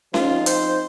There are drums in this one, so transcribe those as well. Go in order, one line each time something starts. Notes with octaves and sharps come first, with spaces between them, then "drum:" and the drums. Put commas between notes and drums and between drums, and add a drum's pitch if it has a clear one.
F3 C4 D#4 F4, drum: snare C#4
C5, drum: hi-hat